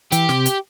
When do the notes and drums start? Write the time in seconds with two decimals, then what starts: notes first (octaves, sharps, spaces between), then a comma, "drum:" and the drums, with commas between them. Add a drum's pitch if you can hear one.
0.12 E3 G4, drum: hi-hat
0.29 C3, drum: snare
0.46 drum: hi-hat